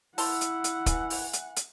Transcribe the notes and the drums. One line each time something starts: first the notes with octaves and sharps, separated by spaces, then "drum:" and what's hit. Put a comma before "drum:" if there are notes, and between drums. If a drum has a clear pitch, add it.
E4 F#5 A5 C6 E6, drum: open hi-hat
drum: hi-hat
drum: hi-hat
E3, drum: kick, hi-hat
drum: open hi-hat
drum: hi-hat
drum: hi-hat